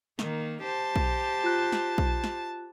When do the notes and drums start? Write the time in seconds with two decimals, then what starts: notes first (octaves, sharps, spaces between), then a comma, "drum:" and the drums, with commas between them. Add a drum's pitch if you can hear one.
0.19 D#3 A#3, drum: snare
0.63 G4 C5 A5
0.96 drum: kick B1
1.44 F4 F#6
1.72 drum: snare
1.98 drum: kick B1
2.24 drum: snare